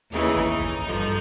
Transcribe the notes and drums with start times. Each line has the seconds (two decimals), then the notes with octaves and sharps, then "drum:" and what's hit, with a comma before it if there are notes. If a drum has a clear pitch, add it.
0.11 D#2 C#3 E3 D#4
0.36 drum: kick G#1
0.61 drum: kick G#1
0.85 G2 D3 F3